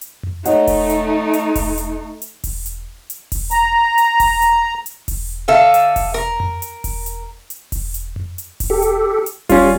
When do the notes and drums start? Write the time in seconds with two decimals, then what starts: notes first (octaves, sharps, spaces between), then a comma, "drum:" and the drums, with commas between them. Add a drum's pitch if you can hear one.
0.01 drum: hi-hat
0.23 drum: tom F2
0.45 A3 D#4 C#5 D#5 F#5, drum: hi-hat
0.67 drum: kick E1, open hi-hat
0.89 drum: hi-hat
1.33 drum: hi-hat
1.56 drum: kick E1, open hi-hat
1.78 drum: hi-hat
2.22 drum: hi-hat
2.44 drum: kick E1, open hi-hat
2.66 drum: hi-hat
3.10 drum: hi-hat
3.32 drum: kick E1, open hi-hat
3.51 A#5, drum: hi-hat
3.98 drum: hi-hat
4.20 drum: kick E1, open hi-hat
4.42 drum: hi-hat
4.86 drum: hi-hat
5.08 drum: kick E1, open hi-hat
5.48 D3 A4 E5 F5
5.74 drum: hi-hat
5.96 drum: kick E1, open hi-hat
6.14 A#4
6.40 drum: tom F2
6.62 drum: hi-hat
6.84 drum: kick E1, open hi-hat
7.06 drum: hi-hat
7.50 drum: hi-hat
7.72 drum: kick E1, open hi-hat
7.94 drum: hi-hat
8.16 drum: tom F2
8.38 drum: hi-hat
8.60 drum: kick E1, open hi-hat
8.70 G4 A4
8.82 drum: hi-hat
9.26 drum: hi-hat
9.49 G3 C#4 F4, drum: kick E1, open hi-hat